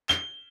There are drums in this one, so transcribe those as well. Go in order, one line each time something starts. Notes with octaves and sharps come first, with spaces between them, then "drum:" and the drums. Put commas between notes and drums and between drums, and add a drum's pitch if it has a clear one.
G7, drum: clap